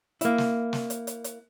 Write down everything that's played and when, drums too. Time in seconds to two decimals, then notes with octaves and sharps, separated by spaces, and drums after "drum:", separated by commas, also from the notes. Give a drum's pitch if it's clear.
0.21 A#3 E4, drum: hi-hat
0.38 drum: snare
0.73 drum: snare
0.90 drum: hi-hat
1.07 drum: hi-hat
1.24 drum: hi-hat